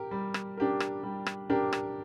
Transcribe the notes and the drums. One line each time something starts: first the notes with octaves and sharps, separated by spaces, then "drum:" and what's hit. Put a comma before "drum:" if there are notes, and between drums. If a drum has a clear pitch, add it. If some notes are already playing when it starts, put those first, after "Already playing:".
Already playing: G4 A#4
G3
drum: rim click
D4 G4 A#4
drum: rim click
G3
drum: rim click
D4 G4 A#4
drum: rim click